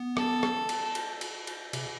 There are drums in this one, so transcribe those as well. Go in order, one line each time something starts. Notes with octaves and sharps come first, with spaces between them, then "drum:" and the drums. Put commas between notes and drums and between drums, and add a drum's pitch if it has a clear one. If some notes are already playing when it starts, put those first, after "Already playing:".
Already playing: B3
A4, drum: rim click
drum: rim click
drum: cymbal
drum: cymbal
drum: cymbal
drum: cymbal
C3, drum: cymbal